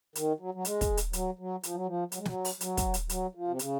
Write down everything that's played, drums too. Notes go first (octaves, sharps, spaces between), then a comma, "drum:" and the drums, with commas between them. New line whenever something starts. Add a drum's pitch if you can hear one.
D#3, drum: hi-hat
F#3
F#3
G#3, drum: hi-hat
drum: kick, hi-hat
drum: hi-hat
F#3, drum: hi-hat
F#3
F3, drum: hi-hat
F#3
F3
F#3, drum: hi-hat
G#3
F#3, drum: snare
drum: open hi-hat
F#3, drum: hi-hat
drum: kick, hi-hat
drum: hi-hat
F#3, drum: hi-hat
F3
C3
C#3, drum: hi-hat